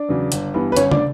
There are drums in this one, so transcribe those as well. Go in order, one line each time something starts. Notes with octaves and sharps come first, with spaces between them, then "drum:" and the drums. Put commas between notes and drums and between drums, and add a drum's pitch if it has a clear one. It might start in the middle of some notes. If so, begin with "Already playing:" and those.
Already playing: D4 D5
E2 C#3 F#3
G1, drum: hi-hat
G2 E3 B3
B4
G1 C#4 C#5, drum: hi-hat
D4 D5, drum: tom